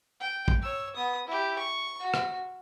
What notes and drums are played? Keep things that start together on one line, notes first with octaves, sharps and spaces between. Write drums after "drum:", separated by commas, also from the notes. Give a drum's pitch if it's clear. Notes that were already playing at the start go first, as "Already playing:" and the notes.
G5
drum: kick
C#5 E6
B3 D#6
E4 G4
C#6
F#4
drum: rim click